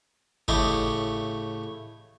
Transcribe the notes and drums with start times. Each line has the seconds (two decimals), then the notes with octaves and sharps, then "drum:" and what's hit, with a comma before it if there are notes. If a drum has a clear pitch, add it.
0.48 A2 C#3 G4 D#5 E5, drum: kick G1